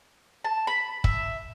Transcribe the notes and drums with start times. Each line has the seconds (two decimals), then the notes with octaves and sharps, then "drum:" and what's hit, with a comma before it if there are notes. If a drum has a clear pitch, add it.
0.45 A5
0.67 B5
1.04 E5, drum: kick